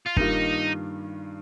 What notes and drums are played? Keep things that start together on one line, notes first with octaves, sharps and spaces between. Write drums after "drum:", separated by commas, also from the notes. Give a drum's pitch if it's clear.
F4
G2 D#3 G3 A#3 D#4 F4, drum: kick